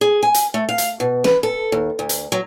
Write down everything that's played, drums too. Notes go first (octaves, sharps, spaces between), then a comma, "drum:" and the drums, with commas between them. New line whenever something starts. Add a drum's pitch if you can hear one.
G#4
G#5
drum: hi-hat
A3
F5
drum: hi-hat
B2
B4, drum: snare
A4
D#2
D2
drum: hi-hat
F#3